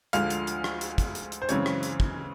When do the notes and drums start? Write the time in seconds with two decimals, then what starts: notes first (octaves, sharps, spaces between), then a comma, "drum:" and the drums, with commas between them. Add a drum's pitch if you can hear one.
0.13 D2 D3 F3 G#3 F5, drum: hi-hat
0.30 drum: hi-hat
0.47 drum: hi-hat
0.64 drum: rim click
0.81 drum: hi-hat
0.98 drum: kick, hi-hat
1.15 drum: hi-hat
1.32 drum: hi-hat
1.42 C5
1.49 F#2 C#3 E3 G#3 C4 C#5, drum: hi-hat
1.66 drum: rim click
1.83 drum: hi-hat
2.00 drum: kick